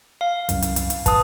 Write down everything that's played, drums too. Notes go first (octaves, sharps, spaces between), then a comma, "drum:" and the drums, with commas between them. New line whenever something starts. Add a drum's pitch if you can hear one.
F5
C2 F#2, drum: hi-hat
drum: hi-hat
drum: hi-hat
drum: hi-hat
B4 A5 D#6, drum: kick, hi-hat